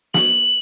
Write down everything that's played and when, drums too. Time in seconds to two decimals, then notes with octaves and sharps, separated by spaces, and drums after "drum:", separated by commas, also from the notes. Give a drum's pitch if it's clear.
0.14 F#7, drum: snare